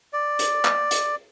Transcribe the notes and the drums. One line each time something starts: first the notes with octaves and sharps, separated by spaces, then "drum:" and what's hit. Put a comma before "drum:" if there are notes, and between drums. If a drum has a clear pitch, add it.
D5
drum: hi-hat
drum: clap
drum: hi-hat